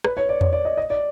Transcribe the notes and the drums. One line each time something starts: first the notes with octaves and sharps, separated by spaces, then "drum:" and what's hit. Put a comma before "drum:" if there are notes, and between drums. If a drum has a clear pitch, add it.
B4, drum: rim click
C#5
D5
C#5, drum: tom E2
D5
D#5
D#5
D5